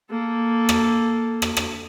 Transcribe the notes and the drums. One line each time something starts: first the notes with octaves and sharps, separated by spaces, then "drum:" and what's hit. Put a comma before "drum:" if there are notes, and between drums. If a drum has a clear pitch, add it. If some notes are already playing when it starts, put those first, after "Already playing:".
A#3 A4
drum: rim click
drum: rim click
drum: rim click